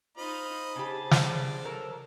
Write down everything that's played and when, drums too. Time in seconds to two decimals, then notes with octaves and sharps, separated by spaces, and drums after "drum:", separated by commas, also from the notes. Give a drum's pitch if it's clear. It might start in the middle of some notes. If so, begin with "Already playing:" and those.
0.17 D#4 F4 C5 D#5 B5
0.76 C#3 G4 G#4 A5
1.11 D4, drum: snare
1.65 F#3 A4 A#4